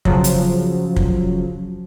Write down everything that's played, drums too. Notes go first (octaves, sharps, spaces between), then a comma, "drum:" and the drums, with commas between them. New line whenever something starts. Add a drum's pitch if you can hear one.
C#3 F3 F#3, drum: kick
drum: hi-hat
drum: kick